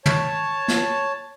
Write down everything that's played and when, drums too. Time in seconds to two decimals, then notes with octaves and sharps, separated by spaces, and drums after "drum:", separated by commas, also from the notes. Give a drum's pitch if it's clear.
0.06 C#5 A5, drum: tom
0.68 drum: snare